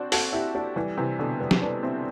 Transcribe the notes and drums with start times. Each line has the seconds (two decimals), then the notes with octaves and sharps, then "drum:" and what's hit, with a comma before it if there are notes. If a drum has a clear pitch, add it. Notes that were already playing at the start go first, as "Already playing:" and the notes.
Already playing: C4 D4 F#4
0.12 F#4 A4, drum: open hi-hat
0.33 E4 G4
0.55 D4 F#4
0.76 E3 G3
0.97 C3 E3
1.19 B2 D3
1.40 G3 B3
1.51 drum: snare
1.61 B3 D4
1.83 C4 E4